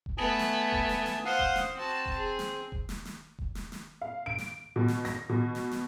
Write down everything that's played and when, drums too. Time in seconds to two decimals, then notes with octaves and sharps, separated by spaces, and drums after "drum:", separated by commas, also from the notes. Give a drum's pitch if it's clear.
0.06 drum: kick E1
0.18 A3 B3 G#5 A5 D#6
0.39 drum: snare
0.73 drum: kick E1
0.89 drum: snare
1.06 drum: snare
1.25 C5 F5 F#5 D#6
1.39 drum: kick E1
1.56 drum: snare
1.76 C4 F#4 A5
2.06 drum: kick E1
2.16 G#4
2.39 drum: snare
2.72 drum: kick E1
2.89 drum: snare
3.05 drum: snare
3.39 drum: kick E1
3.55 drum: snare
3.72 drum: snare
4.02 F5
4.26 D7
4.38 drum: snare
4.76 B2
4.88 drum: snare
5.05 A#6, drum: snare
5.29 B2
5.55 drum: snare
5.71 drum: snare